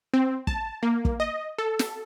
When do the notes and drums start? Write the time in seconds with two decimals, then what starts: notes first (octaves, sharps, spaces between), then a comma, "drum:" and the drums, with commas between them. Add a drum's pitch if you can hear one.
0.14 C4
0.47 A5, drum: kick
0.83 A#3
1.05 drum: kick
1.20 D#5
1.58 A4
1.79 drum: snare